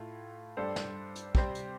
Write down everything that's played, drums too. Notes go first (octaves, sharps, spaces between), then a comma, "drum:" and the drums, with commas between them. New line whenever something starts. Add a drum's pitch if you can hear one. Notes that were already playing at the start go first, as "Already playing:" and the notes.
Already playing: A2 A3 F4
G2 G3 D4 A4 C5
drum: snare
drum: hi-hat
C3 G3 C4 G4 C5, drum: kick
drum: hi-hat